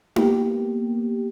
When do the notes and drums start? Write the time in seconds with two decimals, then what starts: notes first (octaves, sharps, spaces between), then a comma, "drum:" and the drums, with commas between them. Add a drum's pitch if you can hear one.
0.16 A#3 B3 G4, drum: tom D#4